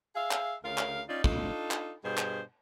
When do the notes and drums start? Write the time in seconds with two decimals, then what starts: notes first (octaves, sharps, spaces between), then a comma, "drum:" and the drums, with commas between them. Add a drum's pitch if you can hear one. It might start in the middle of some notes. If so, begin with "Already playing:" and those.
0.15 G#4 E5 F5
0.31 drum: clap
0.64 D2 C#3 A#4 F5
0.78 drum: clap
1.09 C#4 D#4 F4 D5
1.24 D4 D#4 F4 A4, drum: kick
1.71 drum: clap
2.04 G2 B2 G#4 C5
2.17 drum: clap